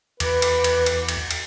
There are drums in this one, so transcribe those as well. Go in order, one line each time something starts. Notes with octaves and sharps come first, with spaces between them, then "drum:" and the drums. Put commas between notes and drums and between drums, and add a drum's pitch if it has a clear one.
E2 B4 D6, drum: cymbal
drum: cymbal
drum: cymbal
drum: cymbal
drum: cymbal
drum: cymbal